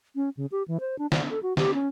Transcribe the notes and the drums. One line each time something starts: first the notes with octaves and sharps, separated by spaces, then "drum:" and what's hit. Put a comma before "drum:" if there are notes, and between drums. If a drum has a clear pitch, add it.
C#4
C#3
G4
E3
C5
D4
D5, drum: snare
A4
F#4
G4, drum: snare
C#4